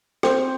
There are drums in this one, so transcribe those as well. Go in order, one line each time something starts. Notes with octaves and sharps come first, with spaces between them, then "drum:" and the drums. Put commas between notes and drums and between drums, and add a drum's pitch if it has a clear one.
C4, drum: rim click